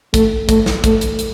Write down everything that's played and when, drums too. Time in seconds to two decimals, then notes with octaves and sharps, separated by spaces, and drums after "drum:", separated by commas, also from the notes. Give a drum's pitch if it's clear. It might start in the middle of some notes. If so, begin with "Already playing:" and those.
0.14 A3, drum: kick, hi-hat
0.49 A3, drum: kick, hi-hat
0.66 drum: snare
0.84 A3, drum: kick, hi-hat
1.01 drum: hi-hat
1.19 drum: hi-hat